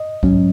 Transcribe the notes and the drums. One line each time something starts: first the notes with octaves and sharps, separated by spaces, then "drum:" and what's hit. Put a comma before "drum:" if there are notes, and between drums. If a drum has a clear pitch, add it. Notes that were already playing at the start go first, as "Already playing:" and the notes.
Already playing: D#5
G#2 F#3 C#4, drum: kick